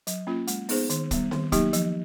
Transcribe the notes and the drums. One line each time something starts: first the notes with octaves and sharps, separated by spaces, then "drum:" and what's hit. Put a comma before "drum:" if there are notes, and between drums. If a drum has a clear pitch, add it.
F#3, drum: hi-hat
A#3 C#4 F4
G#3, drum: hi-hat
B3 D#4 G#4 C5, drum: open hi-hat
D#3, drum: hi-hat
G3 B3, drum: kick, hi-hat
D#3, drum: snare C4
F#3 A#3 D#4 G4, drum: kick, hi-hat
F3, drum: hi-hat